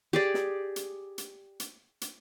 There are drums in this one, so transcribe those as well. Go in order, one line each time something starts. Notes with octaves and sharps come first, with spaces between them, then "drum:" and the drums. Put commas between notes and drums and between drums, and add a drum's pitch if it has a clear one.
G4 G#4 D5
drum: snare
drum: hi-hat
drum: hi-hat
drum: hi-hat
drum: hi-hat